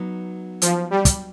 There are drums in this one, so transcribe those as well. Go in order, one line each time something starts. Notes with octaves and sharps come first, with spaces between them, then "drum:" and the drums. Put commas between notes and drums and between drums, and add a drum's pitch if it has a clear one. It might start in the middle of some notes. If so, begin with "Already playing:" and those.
Already playing: F#3 B3 D#4
F3, drum: hi-hat
G3
drum: kick, hi-hat